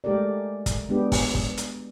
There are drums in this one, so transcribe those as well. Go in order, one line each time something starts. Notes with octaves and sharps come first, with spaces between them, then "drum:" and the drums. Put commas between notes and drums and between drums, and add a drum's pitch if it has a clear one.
G#3 A3 G4 A4 A#4 D5
drum: kick, hi-hat
G#3 B3 D4 G4
drum: kick, open hi-hat
drum: kick
drum: hi-hat